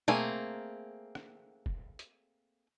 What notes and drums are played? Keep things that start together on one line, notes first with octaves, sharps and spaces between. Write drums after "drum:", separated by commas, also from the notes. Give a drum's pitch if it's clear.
A3 A#3 C4 G#4, drum: tom B2
drum: rim click
drum: kick E1
drum: hi-hat